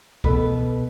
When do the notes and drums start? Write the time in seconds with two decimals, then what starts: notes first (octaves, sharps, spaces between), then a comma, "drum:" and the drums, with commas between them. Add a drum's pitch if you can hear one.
0.24 B2 A4 B4, drum: kick